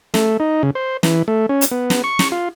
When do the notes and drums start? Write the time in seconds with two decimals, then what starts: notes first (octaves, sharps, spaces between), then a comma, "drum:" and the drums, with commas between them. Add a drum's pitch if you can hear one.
0.14 A3, drum: snare
0.40 D#4
0.63 C#3
0.75 C5
1.03 E3, drum: snare
1.28 A3
1.49 C#4
1.61 drum: hi-hat
1.71 B3
1.90 drum: snare
2.04 C#6
2.19 drum: snare
2.32 F4